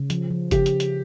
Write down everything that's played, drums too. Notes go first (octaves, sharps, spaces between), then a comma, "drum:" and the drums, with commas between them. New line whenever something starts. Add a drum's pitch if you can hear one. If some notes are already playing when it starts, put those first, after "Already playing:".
Already playing: C#3
F3, drum: hi-hat
F3
C#3 G4, drum: kick F#1, hi-hat
drum: hi-hat
drum: hi-hat